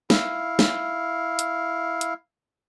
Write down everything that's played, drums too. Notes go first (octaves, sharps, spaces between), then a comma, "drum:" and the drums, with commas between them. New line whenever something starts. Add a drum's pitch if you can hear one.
E4 F5, drum: snare
drum: snare
drum: hi-hat
drum: hi-hat